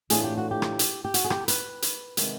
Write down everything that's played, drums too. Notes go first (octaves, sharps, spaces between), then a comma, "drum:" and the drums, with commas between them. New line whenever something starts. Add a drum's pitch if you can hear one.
A2 E3 A3 D4 F4 G#4, drum: hi-hat
G4
F#4
G4
drum: rim click
drum: hi-hat
G4
F#4, drum: hi-hat
G#4
G4, drum: rim click
B4, drum: hi-hat
drum: hi-hat
C3 D#3 G#3 B3, drum: hi-hat